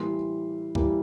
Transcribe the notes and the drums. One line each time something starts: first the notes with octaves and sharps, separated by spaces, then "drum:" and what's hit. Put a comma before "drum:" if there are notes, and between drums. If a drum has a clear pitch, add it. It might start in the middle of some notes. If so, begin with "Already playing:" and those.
Already playing: A2 E3 G3 A#3 C6
A2 E3 G3 A#3, drum: kick